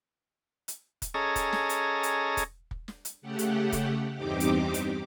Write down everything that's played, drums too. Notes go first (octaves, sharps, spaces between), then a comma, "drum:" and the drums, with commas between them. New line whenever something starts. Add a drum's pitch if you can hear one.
drum: hi-hat
drum: kick, hi-hat
C#4 G#4 A4 D#5 A#5
drum: kick, hi-hat
drum: snare
drum: hi-hat
drum: hi-hat
drum: kick, hi-hat
drum: kick
drum: snare
drum: hi-hat
C#3 A3 G4 F#5
drum: hi-hat
drum: kick, hi-hat
E2 G2 C4 D#4 G4 D6
drum: hi-hat
drum: hi-hat